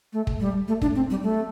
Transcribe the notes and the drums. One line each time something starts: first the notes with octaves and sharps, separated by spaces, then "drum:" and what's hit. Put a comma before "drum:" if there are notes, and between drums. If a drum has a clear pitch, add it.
A3
drum: kick
G3
A3
D4, drum: kick
C4
G3
A3